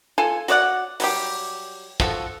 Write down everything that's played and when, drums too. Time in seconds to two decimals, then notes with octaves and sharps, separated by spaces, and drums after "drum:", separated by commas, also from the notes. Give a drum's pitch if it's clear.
0.18 F4 A4 G#5
0.48 F#4 C#5 D5 F#5, drum: hi-hat
1.00 F#3 G3 G4, drum: open hi-hat
2.00 F3 F#4 A4, drum: kick